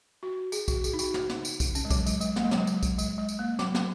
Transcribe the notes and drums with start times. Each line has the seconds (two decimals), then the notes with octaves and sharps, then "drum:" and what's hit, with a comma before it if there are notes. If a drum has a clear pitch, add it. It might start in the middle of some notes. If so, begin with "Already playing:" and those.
0.23 F#4
0.52 G#4, drum: tambourine
0.68 F#4, drum: kick, tambourine
0.84 G#4, drum: tambourine
0.93 D#4
0.99 F#4, drum: tambourine
1.14 drum: snare
1.29 drum: snare
1.45 drum: tambourine
1.60 drum: kick, tambourine
1.75 C#4, drum: tambourine
1.85 G#3
1.90 F#3, drum: kick, tambourine
2.07 G#3, drum: tambourine
2.21 G#3, drum: tambourine
2.36 A#3, drum: snare
2.44 G#3
2.51 F#3, drum: snare
2.58 G#3
2.67 drum: tambourine
2.83 drum: kick, tambourine
2.99 G#3, drum: tambourine
3.18 G#3
3.29 drum: tambourine
3.39 A#3
3.59 F#3, drum: snare
3.75 drum: snare